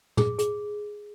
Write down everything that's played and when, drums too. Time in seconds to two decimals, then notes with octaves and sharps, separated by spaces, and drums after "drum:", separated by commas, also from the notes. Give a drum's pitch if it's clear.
0.17 G#4, drum: tom
0.39 G#4, drum: hi-hat